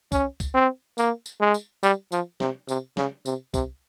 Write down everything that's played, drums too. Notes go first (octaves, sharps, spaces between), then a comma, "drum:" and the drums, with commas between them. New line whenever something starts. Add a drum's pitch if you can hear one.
C#4, drum: kick, tambourine
drum: kick, tambourine
C4
A#3, drum: tambourine
drum: tambourine
G#3
drum: tambourine
G3, drum: tambourine
F3, drum: tambourine
C3, drum: snare
C3, drum: tambourine
C#3, drum: snare
C3, drum: tambourine
C3, drum: kick, tambourine